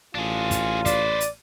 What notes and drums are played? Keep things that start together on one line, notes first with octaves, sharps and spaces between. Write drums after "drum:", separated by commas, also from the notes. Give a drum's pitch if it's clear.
A1 D4 F4 G#4
drum: kick, hi-hat
B4 C5 D5, drum: kick, hi-hat
drum: hi-hat